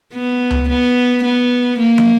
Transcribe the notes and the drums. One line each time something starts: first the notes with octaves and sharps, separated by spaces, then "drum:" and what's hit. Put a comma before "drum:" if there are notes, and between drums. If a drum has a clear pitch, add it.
B3
drum: tom C#2
B3
B3
A#3
drum: tom